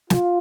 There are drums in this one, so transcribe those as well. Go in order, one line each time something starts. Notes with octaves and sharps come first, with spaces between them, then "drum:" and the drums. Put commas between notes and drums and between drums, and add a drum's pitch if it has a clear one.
F4, drum: snare